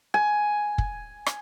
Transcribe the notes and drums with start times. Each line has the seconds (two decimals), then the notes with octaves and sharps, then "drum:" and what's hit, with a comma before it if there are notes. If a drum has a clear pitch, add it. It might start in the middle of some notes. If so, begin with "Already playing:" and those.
0.14 G#5
0.78 drum: kick
1.26 drum: rim click